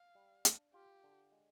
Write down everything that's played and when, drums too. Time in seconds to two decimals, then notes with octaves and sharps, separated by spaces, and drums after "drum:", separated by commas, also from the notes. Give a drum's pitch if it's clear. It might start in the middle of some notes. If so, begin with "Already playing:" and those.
Already playing: F5
0.15 G3
0.45 D4, drum: hi-hat
0.74 F4 G4
1.04 D3
1.32 G#3